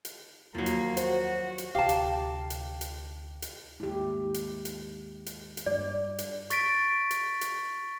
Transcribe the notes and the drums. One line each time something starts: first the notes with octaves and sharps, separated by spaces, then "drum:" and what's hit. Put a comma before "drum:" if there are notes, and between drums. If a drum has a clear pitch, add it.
drum: hi-hat
D#2 F3 F#3 A#3
drum: hi-hat
F#4 C5, drum: hi-hat
drum: hi-hat
D2 C3 G4 F5 A5
drum: hi-hat
drum: hi-hat
drum: hi-hat
drum: hi-hat
D#2 G#2 E4 G4
drum: hi-hat
drum: hi-hat
drum: hi-hat
drum: hi-hat
G2 D5
drum: hi-hat
C#6 A6 B6 D7, drum: hi-hat
drum: hi-hat
drum: hi-hat